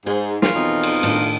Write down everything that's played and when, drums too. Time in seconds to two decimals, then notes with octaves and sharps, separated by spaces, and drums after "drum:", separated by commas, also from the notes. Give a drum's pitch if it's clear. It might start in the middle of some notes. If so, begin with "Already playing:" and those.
0.06 G#2 G#4 C5
0.42 E3 F4 A#4 C#5, drum: snare
0.56 F2 B2 D#4
0.83 drum: cymbal
1.03 A2 D#3 D4, drum: cymbal